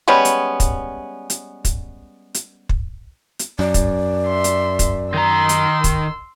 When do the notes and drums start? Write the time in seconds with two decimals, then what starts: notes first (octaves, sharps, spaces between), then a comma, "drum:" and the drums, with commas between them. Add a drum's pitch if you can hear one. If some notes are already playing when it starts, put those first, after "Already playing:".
0.08 G3 G#3 B3 C#4
0.25 drum: hi-hat
0.60 drum: kick, hi-hat
1.30 drum: hi-hat
1.65 drum: kick, hi-hat
2.34 drum: hi-hat
2.69 drum: kick
3.39 drum: hi-hat
3.59 F#2 D5
3.74 drum: kick, hi-hat
4.27 E5 C6
4.44 drum: hi-hat
4.79 drum: kick, hi-hat
5.14 D#3 A#5 C6 E6
5.49 drum: hi-hat
5.84 drum: kick, hi-hat